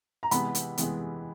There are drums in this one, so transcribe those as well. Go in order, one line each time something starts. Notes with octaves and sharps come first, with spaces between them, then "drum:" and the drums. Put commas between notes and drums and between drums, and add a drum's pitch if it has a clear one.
A#5
C3 E3 G#3 B3 B5, drum: hi-hat
drum: hi-hat
C3 E3 G#3 B3, drum: hi-hat